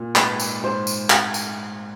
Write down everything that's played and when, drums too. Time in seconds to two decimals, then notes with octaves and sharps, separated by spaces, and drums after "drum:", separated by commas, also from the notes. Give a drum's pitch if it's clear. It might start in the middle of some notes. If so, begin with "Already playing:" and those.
Already playing: A#2
0.15 G#2 B4, drum: clap
0.40 drum: tambourine
0.63 G#2 C5
0.87 drum: tambourine
1.10 F#5, drum: clap
1.34 drum: tambourine